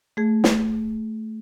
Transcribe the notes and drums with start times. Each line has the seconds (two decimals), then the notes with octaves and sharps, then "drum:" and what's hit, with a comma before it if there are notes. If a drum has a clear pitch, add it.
0.17 A3 G#4
0.44 drum: snare